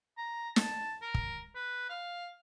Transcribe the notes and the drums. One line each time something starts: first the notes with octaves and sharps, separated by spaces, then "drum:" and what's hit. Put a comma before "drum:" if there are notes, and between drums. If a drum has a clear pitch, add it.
A#5
A5, drum: snare
A#4
drum: kick
B4
F5